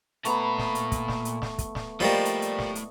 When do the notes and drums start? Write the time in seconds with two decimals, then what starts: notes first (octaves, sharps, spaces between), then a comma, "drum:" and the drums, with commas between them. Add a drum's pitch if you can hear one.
0.25 A#2 A3 B3 A#5 B5, drum: hi-hat
0.58 drum: snare
0.75 drum: hi-hat
0.92 drum: kick, hi-hat
1.08 drum: snare
1.25 drum: hi-hat
1.42 drum: snare
1.58 drum: kick, hi-hat
1.75 drum: snare
2.00 A2 F3 G3 A#3 D5 D#5 C#6
2.25 drum: hi-hat
2.42 drum: hi-hat
2.59 drum: snare
2.75 drum: hi-hat